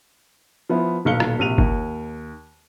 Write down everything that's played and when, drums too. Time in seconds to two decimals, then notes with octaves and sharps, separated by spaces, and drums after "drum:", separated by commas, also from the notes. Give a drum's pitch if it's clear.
0.69 F3 B3 E4
1.05 D#1 B1 F5 C#7 G7
1.20 drum: rim click
1.39 A#1 C3 D#7 F7
1.58 D#2, drum: kick G1